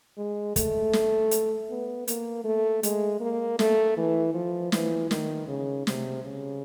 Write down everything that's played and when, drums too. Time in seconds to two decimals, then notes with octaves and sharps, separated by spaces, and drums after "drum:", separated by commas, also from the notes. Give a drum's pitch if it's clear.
0.18 G#3
0.56 A3, drum: kick, hi-hat
0.93 drum: snare
1.31 drum: hi-hat
1.70 B3
2.08 A#3, drum: hi-hat
2.44 A3
2.83 G#3, drum: hi-hat
3.21 A#3
3.59 A3, drum: snare
3.97 E3
4.34 F3
4.72 E3, drum: snare
5.11 D#3, drum: snare
5.48 C#3
5.87 C3, drum: snare
6.24 C#3